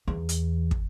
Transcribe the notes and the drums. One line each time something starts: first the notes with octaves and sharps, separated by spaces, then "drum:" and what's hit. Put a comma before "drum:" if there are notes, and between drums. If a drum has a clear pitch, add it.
E2
drum: hi-hat
drum: kick